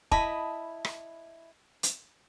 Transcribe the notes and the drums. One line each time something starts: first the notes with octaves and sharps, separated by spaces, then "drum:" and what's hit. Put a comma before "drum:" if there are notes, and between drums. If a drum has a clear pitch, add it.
E4 D#5 A5 B5, drum: kick E1
drum: rim click
drum: hi-hat